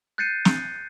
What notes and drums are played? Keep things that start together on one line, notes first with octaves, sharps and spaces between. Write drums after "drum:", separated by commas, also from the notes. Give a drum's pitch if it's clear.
F#6 G6 A6 C7 C#7 D#7
drum: snare